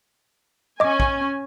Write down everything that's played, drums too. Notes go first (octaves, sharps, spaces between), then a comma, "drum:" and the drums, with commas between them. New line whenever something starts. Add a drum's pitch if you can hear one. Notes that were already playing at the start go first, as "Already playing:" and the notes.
C#4 D#5 G#5 D6
drum: kick A#1